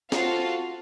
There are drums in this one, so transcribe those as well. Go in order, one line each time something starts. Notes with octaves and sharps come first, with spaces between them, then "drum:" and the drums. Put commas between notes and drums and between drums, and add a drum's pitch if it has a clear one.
C4 F4 F#4 A4 F5, drum: snare